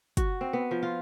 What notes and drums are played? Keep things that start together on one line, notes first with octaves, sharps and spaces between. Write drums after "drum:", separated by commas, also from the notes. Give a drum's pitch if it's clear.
F#4, drum: kick, hi-hat
C4
B3
F3
F4